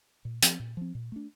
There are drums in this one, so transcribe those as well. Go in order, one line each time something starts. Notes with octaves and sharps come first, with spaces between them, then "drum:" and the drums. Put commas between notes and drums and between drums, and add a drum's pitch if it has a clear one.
A#2
F3 C4, drum: hi-hat
A#2
F3 C4
A#2
A3 D4